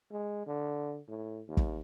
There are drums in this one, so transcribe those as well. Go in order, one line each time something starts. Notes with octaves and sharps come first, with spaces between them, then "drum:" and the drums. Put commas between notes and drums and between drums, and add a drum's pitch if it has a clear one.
G#3
D3
A2
D#2
drum: kick